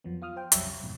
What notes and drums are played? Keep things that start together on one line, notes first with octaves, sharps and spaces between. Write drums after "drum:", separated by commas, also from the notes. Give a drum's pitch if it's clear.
F2 F3 F#3 B3
F4 F5 D#6 F6
C5 G5
B1 F2 F#3 G3 E5, drum: hi-hat
C#3
F2 G#2 B2